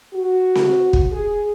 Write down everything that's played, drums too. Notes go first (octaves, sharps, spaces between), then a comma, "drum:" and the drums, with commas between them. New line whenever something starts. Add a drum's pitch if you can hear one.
F#4
drum: snare C4
drum: kick
G#4